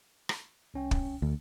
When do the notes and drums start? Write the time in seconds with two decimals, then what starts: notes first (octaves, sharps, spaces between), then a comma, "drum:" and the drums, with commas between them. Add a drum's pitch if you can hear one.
0.29 drum: rim click
0.74 C2 C#4 G5
0.91 drum: kick
1.22 D2